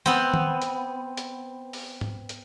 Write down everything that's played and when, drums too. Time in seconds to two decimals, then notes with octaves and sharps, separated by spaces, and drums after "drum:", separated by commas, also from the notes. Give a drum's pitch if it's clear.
0.06 B3 C4
0.34 drum: tom D#3
0.62 drum: hi-hat
1.17 drum: hi-hat
1.73 drum: open hi-hat
2.01 drum: tom G#2
2.29 drum: hi-hat